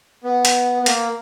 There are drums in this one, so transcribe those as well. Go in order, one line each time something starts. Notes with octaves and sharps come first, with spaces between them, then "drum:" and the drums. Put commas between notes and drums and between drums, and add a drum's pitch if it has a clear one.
B3
drum: hi-hat
B3
A#3, drum: hi-hat